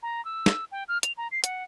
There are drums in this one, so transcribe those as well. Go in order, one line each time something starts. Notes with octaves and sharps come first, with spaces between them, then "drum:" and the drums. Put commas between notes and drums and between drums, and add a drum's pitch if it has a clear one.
A#5
E6
drum: snare
G5
F6
F7, drum: hi-hat
A#5
C7
F#5, drum: hi-hat